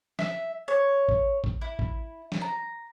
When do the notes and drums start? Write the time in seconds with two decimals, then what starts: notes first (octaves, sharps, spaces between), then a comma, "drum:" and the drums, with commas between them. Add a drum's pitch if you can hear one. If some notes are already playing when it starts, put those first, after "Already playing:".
0.19 E5, drum: snare
0.68 C#5
1.09 drum: kick A1
1.44 drum: kick A1
1.61 E4
1.79 drum: kick A1
2.32 drum: snare
2.41 A#5